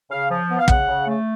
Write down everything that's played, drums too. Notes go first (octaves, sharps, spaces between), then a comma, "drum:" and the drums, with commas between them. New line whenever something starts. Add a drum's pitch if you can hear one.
C#3 F5
F3
B3
F5
C#3 F#5, drum: kick
C#3
A3